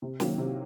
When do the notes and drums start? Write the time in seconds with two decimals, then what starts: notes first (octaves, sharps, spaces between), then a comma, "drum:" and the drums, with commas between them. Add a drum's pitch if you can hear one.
0.02 C3
0.20 D#3 F#3 A#3, drum: snare
0.38 C3